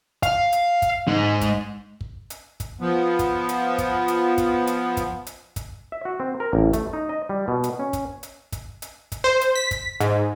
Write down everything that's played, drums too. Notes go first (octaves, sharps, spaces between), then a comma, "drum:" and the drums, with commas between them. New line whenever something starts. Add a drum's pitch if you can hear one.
F5, drum: kick, hi-hat
drum: hi-hat
drum: kick, hi-hat
G#3 D#4
drum: kick, hi-hat
drum: kick
drum: hi-hat
drum: kick, hi-hat
F3 B3
drum: kick, hi-hat
drum: hi-hat
drum: kick, hi-hat
drum: hi-hat
drum: kick, hi-hat
drum: hi-hat
drum: kick, hi-hat
drum: hi-hat
drum: kick, hi-hat
E5
F#4
C4
A#4
A1
A3, drum: kick, hi-hat
D#4
D#5
G3
B2
drum: hi-hat
C#4
drum: kick, hi-hat
drum: hi-hat
drum: kick, hi-hat
drum: hi-hat
drum: kick, hi-hat
C5
drum: hi-hat
B6
drum: kick, hi-hat
G#2, drum: hi-hat